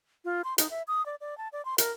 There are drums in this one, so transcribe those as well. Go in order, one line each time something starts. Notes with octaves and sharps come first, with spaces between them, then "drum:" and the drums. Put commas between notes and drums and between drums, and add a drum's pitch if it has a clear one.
F4
C6
D#4, drum: hi-hat
E5
D#6
D5
D5
A5
D5
C6
A#4, drum: hi-hat